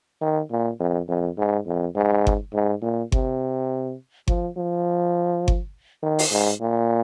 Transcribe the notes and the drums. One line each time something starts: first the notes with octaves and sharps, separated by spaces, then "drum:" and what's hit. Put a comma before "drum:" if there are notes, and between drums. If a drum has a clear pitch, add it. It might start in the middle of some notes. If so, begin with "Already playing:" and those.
D#3
A#2
F2
F2
G#2
F2
G#2
drum: kick G1
G#2
A#2
C3, drum: kick G1
F3, drum: kick G1
F3
drum: kick G1
D#3
drum: open hi-hat
G#2
A#2